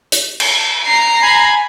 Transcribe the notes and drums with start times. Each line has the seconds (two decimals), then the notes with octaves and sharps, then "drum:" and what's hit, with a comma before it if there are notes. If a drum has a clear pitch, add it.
0.12 drum: hi-hat
0.40 drum: cymbal
0.86 A#5 C7
1.22 G#5 B5